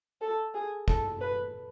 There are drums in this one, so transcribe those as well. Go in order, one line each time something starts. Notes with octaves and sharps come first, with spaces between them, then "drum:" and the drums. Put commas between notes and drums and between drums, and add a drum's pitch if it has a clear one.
A4
G#4
A4, drum: kick
B4